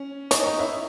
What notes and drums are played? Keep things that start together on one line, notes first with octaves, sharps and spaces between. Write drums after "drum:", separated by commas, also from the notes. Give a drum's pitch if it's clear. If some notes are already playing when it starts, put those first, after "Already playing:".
Already playing: C#4
D#4 C#5, drum: hi-hat
D#4
E4